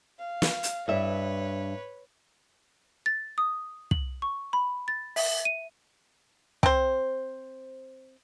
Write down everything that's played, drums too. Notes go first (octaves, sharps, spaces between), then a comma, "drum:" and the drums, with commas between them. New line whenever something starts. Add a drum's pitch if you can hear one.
F5
drum: snare
drum: hi-hat
G2 B4 C#5 E5
A6
D#6
F#7, drum: kick
C#6
B5
A6
E5, drum: open hi-hat
D#7
C4 C5, drum: kick